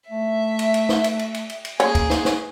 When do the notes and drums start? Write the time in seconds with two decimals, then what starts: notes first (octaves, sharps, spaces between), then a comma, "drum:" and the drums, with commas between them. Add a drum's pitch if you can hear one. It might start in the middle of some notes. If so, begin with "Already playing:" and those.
0.10 A3 E5
0.59 drum: cymbal
0.74 drum: cymbal
0.89 drum: snare
1.04 drum: cymbal
1.19 drum: cymbal
1.34 drum: cymbal
1.50 drum: cymbal
1.65 drum: cymbal
1.80 A#3 C#4 G#4, drum: cymbal
1.95 drum: kick, cymbal
2.10 drum: snare
2.25 drum: snare